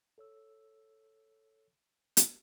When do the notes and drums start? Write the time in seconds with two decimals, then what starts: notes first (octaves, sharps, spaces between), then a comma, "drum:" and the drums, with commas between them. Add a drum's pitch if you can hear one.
0.18 A4 C#5 E6
2.17 drum: hi-hat